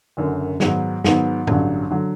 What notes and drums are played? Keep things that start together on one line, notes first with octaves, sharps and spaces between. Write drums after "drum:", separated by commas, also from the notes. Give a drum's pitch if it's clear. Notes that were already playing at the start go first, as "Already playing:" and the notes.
F#1 F#2 D3
G#2 D#3 F#3 B3, drum: snare
G#2 D#3 F#3 B3, drum: snare
A1 G2 D3 F#3, drum: tom A2
D3 F#3